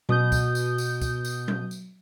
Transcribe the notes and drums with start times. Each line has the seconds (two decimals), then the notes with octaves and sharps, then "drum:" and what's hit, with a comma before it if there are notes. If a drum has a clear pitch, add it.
0.09 B2 D#6 G6, drum: tom F#3
0.32 drum: kick C#2, tambourine
0.55 drum: tambourine
0.78 drum: tambourine
1.01 drum: kick C#2, tambourine
1.25 drum: tambourine
1.48 drum: tom F#3
1.71 drum: tambourine